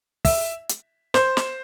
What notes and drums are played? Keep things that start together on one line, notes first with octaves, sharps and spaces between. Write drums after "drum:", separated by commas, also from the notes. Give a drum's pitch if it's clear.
E5, drum: kick, open hi-hat
drum: hi-hat
C5, drum: snare
drum: snare